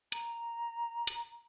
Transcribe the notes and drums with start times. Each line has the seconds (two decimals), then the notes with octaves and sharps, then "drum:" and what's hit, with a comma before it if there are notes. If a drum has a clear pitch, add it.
0.12 A#5, drum: hi-hat
1.07 drum: hi-hat